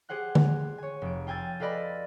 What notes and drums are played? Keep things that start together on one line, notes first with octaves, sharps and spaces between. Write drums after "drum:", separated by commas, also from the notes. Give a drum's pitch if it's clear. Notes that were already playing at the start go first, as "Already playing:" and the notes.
G4 G#4 C5 F#5 F#6
drum: tom
C#5 G#5
F1 D7
F4 G5 G#5 E6 A6
F4 A4 B4 D5 D#5 B5